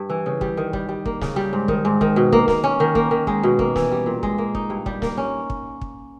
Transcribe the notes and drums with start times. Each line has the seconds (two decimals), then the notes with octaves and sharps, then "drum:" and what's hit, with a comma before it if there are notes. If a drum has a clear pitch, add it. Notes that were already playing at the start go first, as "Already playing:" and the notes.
Already playing: G2
0.10 E3
0.26 C#3
0.41 G3, drum: kick
0.57 D#3
0.73 G3, drum: kick
0.89 G3
1.06 A#3, drum: kick
1.21 C#3, drum: snare
1.36 G3
1.53 G#2
1.68 D#3, drum: kick
1.85 G#2
2.01 D#3, drum: kick
2.16 B2
2.33 A#3, drum: kick
2.48 A#3, drum: snare
2.64 C#4
2.80 D#3
2.95 A#3, drum: kick
3.11 D#3
3.27 G#3, drum: kick
3.43 B2
3.59 A#3, drum: kick
3.76 E3, drum: snare
3.91 G3
4.06 A#2
4.23 G#3, drum: kick
4.38 A#3
4.55 D#4, drum: kick
4.70 G2
4.86 G3, drum: kick
5.02 A#3, drum: snare
5.17 C#4
5.50 drum: kick
5.81 drum: kick